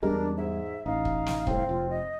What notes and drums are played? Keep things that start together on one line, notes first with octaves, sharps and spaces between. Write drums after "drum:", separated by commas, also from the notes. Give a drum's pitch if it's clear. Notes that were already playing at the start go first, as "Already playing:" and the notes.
E2 G3 G#3 D4 A#4
G#2 E5
A1 D#4 F5
drum: kick
drum: snare
C2 A2 C4, drum: kick
F1 F4
D#5